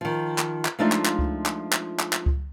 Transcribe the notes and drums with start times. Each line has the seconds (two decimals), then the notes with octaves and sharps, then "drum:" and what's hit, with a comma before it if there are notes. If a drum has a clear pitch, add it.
0.01 D#3 F3
0.38 drum: clap
0.65 drum: clap
0.79 F3 G#3 A3 D4 D#4 F4
0.92 drum: clap
1.05 drum: clap
1.19 drum: kick C#2
1.46 drum: clap
1.73 drum: clap
1.99 drum: clap
2.13 drum: clap
2.26 drum: kick C#2